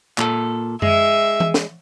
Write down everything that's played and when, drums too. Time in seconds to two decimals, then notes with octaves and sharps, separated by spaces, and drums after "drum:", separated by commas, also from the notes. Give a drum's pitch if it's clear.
0.18 A#2 A4, drum: clap
0.82 G#3 E5, drum: tom F#2
1.40 drum: tom E3
1.54 drum: snare